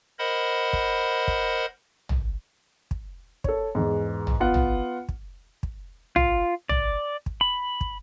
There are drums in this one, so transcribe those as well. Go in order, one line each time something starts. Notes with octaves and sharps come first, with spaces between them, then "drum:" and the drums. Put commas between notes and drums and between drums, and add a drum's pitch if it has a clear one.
A#4 C5 D#5 F#5 B5
drum: kick
drum: kick
drum: tom A1
drum: kick
A4 C#5, drum: kick
E2 G#2
drum: tom A1
B3 F4 F#5
drum: tom A1
drum: kick
drum: kick
F4, drum: tom A1
D5, drum: tom A1
drum: kick
B5
drum: kick